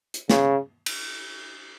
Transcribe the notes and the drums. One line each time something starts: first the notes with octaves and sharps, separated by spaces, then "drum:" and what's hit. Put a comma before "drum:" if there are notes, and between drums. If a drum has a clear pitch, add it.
drum: hi-hat
C#3, drum: snare
drum: cymbal